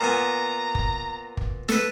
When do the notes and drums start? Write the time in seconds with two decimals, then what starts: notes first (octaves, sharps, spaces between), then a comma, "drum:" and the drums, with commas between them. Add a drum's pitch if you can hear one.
0.01 A#2 B3 G#5 A#5
0.75 drum: kick
1.37 drum: kick
1.69 A4 B4, drum: snare